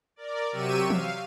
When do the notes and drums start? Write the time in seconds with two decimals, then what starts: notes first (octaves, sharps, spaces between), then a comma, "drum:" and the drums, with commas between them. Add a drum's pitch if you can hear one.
0.16 A#4 D5
0.52 C3 F#3 G4 C#6 E6 D#7
0.90 F5, drum: tom E3